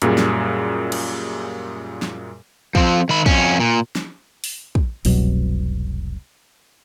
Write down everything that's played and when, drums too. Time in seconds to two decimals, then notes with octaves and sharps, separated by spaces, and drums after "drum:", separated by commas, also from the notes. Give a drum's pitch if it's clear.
0.02 F#2 A#2 G3 G#4, drum: hi-hat
0.18 drum: snare
0.92 drum: cymbal
2.02 drum: snare
2.75 F3 C4, drum: kick
3.09 D#3 B5
3.26 F2 C#4, drum: kick
3.60 A#2
3.96 drum: snare
4.44 drum: open hi-hat
4.75 drum: kick
5.05 F1 C2 B2 F#3, drum: open hi-hat